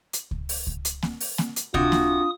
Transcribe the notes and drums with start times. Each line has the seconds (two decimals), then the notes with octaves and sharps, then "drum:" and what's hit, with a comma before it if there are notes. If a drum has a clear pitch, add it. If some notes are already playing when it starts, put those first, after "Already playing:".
0.13 drum: hi-hat
0.31 drum: kick C#2
0.49 drum: open hi-hat
0.67 drum: kick C#2
0.85 drum: hi-hat
1.03 drum: snare A#3
1.20 drum: open hi-hat
1.38 drum: snare A#3
1.56 drum: hi-hat
1.74 C3 D4 F4 F#4 D#6, drum: kick C#2
1.92 drum: snare A#3